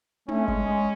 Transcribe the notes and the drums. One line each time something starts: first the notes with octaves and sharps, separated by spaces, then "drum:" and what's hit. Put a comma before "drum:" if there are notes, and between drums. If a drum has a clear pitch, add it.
A3 C#4, drum: tom
G#3, drum: kick G#1
G#3